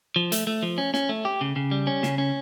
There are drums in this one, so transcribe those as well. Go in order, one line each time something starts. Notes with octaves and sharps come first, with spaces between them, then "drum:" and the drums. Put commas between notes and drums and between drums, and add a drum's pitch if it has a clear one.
F3
A3, drum: hi-hat
A3
F3
C#4
C#4, drum: snare
A3
G4
C#3
C#3
G3
C#4
C#3, drum: snare
C#4